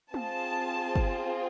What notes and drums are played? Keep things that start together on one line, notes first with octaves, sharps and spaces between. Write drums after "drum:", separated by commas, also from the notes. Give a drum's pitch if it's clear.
C4 F4 G#4 A5, drum: tom
drum: kick G1